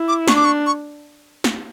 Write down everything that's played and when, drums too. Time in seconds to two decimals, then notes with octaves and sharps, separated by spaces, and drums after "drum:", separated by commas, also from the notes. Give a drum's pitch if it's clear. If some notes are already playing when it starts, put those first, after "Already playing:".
Already playing: E4
0.08 D6
0.28 D4 C#6, drum: snare
0.36 D6
0.45 C#6
0.67 C#6
1.44 drum: snare